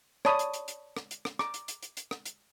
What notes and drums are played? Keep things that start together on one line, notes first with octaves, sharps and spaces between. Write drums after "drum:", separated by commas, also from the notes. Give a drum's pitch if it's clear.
C#5 D5 A5 B5 D#6, drum: rim click
drum: hi-hat
drum: hi-hat
drum: hi-hat
drum: rim click
drum: hi-hat
drum: rim click
A#5 D6, drum: rim click
drum: hi-hat
drum: hi-hat
drum: hi-hat
drum: hi-hat
drum: rim click
drum: hi-hat